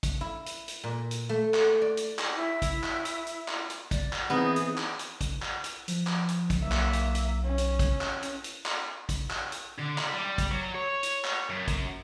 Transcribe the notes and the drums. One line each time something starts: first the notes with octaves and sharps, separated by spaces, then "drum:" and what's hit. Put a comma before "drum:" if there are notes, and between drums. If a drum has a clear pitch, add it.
drum: kick, hi-hat
E4
drum: hi-hat
drum: hi-hat
A#2
drum: hi-hat
A3
drum: clap
D5
drum: hi-hat
drum: clap
E4
drum: kick, hi-hat
drum: clap
drum: hi-hat
drum: hi-hat
drum: clap
drum: hi-hat
D5, drum: kick, hi-hat
drum: clap
E3 B3 C4 D#4 G#4
drum: hi-hat
drum: clap
drum: hi-hat
drum: kick, hi-hat
drum: clap
drum: hi-hat
F3, drum: hi-hat
drum: clap
drum: hi-hat
drum: kick, hi-hat
B1 A#3 E5
drum: clap
drum: hi-hat
drum: hi-hat
C#4
drum: hi-hat
drum: kick, hi-hat
drum: clap
drum: hi-hat
drum: hi-hat
drum: clap
drum: kick, hi-hat
drum: clap
drum: hi-hat
D3
B5, drum: clap
G3
drum: kick, hi-hat
F#3
C#5
drum: hi-hat
drum: clap
F#2
drum: kick, hi-hat